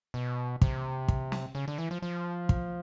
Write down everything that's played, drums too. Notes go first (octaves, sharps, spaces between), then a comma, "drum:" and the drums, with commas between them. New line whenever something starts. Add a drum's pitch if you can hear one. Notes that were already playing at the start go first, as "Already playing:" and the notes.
B2
C3, drum: kick
drum: kick
drum: snare
C#3
D3
E3
F3
F3
drum: kick